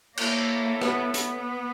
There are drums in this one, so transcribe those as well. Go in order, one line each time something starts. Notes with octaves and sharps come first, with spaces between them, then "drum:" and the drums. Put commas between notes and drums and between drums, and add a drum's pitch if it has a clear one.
A#3 E4 A4 C#5, drum: cymbal
B3, drum: rim click
B3, drum: hi-hat